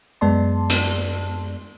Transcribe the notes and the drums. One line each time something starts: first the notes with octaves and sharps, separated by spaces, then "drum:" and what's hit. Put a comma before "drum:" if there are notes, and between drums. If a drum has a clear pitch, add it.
F#2 G#3 B3 D5 A5 C6
drum: hi-hat